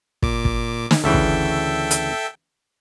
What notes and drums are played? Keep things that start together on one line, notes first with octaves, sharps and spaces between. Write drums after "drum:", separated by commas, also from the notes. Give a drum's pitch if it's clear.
A#2 D6, drum: kick
drum: kick
drum: snare
D2 C#3 E3 A4 E5 G5
drum: kick
drum: hi-hat